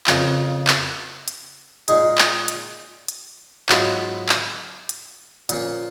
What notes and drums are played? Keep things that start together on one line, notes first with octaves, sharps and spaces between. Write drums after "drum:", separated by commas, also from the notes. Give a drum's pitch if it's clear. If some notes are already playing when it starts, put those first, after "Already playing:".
F2 C#3 F3 A#3, drum: clap
drum: clap
drum: hi-hat
A#2 G#3 D#4 G#4, drum: hi-hat
drum: clap
drum: hi-hat
drum: hi-hat
G#2 F#3 B3 F4, drum: clap
drum: clap
drum: hi-hat
A#2 F3 A#3 C#4, drum: hi-hat